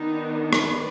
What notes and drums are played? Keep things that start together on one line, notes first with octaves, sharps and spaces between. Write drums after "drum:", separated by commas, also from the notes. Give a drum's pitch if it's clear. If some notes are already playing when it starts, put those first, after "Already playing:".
Already playing: D#3 B3 D4 D#4
B4 D5, drum: rim click